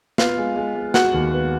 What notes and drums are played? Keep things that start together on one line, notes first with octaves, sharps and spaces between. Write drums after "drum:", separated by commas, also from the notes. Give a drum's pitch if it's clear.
B3 F4 F5, drum: snare
G#3
G#3
G#3
G#3 F#4 F#5, drum: snare
D#2
B3